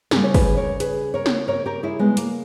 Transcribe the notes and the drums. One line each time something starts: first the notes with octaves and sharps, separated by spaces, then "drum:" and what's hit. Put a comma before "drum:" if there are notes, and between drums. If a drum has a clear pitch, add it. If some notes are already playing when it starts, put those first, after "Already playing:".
C#3 G3 G4 A#4, drum: snare
C#5
G#4 B4, drum: kick, open hi-hat
A#4 C#5
G#4 B4, drum: hi-hat
A#4 C#5
drum: snare
A#4 C#5
G4 A#4
E4 G#4
G#3 B3
A#3, drum: hi-hat